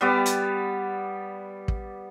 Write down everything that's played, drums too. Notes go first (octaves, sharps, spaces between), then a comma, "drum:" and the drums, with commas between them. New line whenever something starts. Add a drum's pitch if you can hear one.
G3 B3 D5
drum: hi-hat
drum: kick